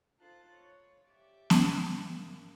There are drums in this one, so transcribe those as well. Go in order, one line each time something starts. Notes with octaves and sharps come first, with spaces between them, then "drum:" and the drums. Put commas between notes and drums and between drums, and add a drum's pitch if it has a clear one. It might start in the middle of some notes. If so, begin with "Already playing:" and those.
D#4 F4 A4 C5 F#6 A6
C#5
G4 D5 E5
drum: snare B3
G#2 A#3